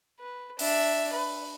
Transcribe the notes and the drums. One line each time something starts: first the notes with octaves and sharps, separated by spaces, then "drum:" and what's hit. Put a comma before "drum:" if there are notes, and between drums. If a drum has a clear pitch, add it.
B4
D4 E5, drum: open hi-hat
B4